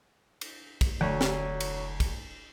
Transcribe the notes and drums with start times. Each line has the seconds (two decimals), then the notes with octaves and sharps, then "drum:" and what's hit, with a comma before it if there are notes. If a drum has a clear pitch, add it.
0.41 drum: cymbal
0.81 drum: kick, cymbal
1.01 F1 D2 F#3
1.21 drum: snare
1.60 drum: cymbal
2.00 drum: kick, cymbal